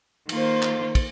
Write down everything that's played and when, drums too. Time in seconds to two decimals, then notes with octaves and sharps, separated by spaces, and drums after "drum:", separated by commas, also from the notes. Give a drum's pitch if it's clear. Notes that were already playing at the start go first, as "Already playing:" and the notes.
0.29 D#3 A#3 F4 C5, drum: cymbal
0.62 drum: clap
0.95 drum: kick, cymbal